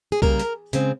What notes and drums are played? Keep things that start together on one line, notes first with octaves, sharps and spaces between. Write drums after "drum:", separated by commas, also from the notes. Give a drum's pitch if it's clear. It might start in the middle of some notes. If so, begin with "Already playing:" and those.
G#4
C#3 G3 A#3 A#4, drum: kick B1
drum: hi-hat
C#3 G#3 C4, drum: hi-hat